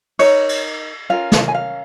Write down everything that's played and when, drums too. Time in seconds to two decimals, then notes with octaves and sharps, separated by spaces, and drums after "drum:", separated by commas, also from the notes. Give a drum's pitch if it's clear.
0.19 D#4 A#4 C#5, drum: cymbal
0.49 drum: cymbal
1.09 C#4 F4 A#4 F5
1.32 drum: snare
1.48 G#5
1.55 F5